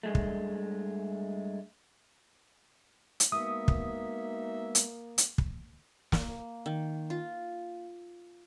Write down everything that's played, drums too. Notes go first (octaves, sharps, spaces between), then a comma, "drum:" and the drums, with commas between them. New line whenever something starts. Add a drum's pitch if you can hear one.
G2 G#3 A3
drum: kick
drum: hi-hat
G#3 A#3 B3 D#4 F#4 E5 D#6
drum: kick
drum: hi-hat
drum: hi-hat
drum: kick
A#3, drum: snare
D#3
F4